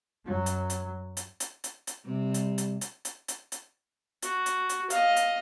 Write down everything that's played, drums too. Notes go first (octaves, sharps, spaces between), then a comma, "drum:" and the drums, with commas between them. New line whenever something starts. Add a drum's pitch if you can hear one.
F#2 F#3
drum: hi-hat
drum: hi-hat
drum: hi-hat
drum: hi-hat
drum: hi-hat
drum: hi-hat
C3 G3
drum: hi-hat
drum: hi-hat
drum: hi-hat
drum: hi-hat
drum: hi-hat
drum: hi-hat
F#4, drum: hi-hat
drum: hi-hat
drum: hi-hat
D#5 F5, drum: hi-hat
drum: hi-hat